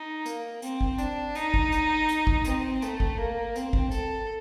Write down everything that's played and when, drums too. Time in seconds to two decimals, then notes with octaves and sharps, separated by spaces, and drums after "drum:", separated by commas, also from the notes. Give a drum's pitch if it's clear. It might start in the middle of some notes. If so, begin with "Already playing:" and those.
Already playing: D#4
0.26 A#3, drum: hi-hat
0.62 C4, drum: hi-hat
0.81 drum: kick
0.98 D4, drum: hi-hat
1.35 D#4, drum: hi-hat
1.54 drum: kick
1.72 drum: hi-hat
2.09 drum: hi-hat
2.27 drum: kick
2.45 C4, drum: hi-hat
2.82 A3, drum: hi-hat
3.00 drum: kick
3.18 A#3
3.55 C4, drum: hi-hat
3.73 drum: kick
3.91 A4, drum: hi-hat